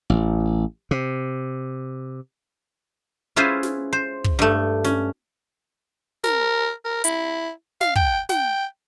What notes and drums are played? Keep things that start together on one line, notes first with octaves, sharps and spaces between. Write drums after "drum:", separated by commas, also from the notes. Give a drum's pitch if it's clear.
A1
C3
C#4 E4 F4 G#4 B4 C5
drum: snare
C5
drum: kick
G2 A3
C#4, drum: snare
A#4, drum: snare
A#4
E4, drum: hi-hat
F5, drum: snare
G5, drum: kick
G5, drum: snare